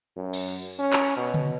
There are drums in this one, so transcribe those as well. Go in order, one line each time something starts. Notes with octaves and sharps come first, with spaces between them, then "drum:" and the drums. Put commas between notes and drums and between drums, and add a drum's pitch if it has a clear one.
F#2
drum: cymbal
drum: hi-hat
C#4
drum: clap
B2
drum: tom C#3